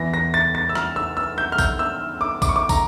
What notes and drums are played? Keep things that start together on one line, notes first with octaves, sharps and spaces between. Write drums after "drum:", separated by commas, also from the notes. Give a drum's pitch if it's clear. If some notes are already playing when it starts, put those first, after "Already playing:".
Already playing: E2 E3 A#6
A#6
A6
A6
E6
F6, drum: rim click
E6
E6
G6
F6
G6, drum: kick, tambourine
E6
D6
D6, drum: kick, tambourine
C#6
D6
A#5, drum: kick, tambourine